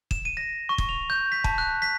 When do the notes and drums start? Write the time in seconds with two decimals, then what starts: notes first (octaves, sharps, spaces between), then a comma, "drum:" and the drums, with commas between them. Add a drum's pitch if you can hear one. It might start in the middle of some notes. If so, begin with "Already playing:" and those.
0.11 E7, drum: kick
0.25 D#7
0.37 A#6
0.69 C#6
0.78 drum: kick
0.89 F7
1.10 G6
1.32 B6
1.44 A5, drum: kick
1.58 F#6
1.82 B6